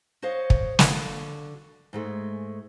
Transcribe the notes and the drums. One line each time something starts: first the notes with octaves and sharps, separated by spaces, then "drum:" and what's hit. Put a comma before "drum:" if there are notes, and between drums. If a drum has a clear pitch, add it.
F#4 C5 C#5 D#5 F5
drum: kick
D3 F#4 F5, drum: snare
G#2 G#3 A3